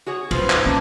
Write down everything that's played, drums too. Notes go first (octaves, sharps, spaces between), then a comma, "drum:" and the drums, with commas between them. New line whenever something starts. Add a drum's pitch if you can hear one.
F#4 G#4 C#5
D#1 D#4 F4 B4 C5, drum: cymbal
drum: clap
A#3 C#4 A5 A#5 D6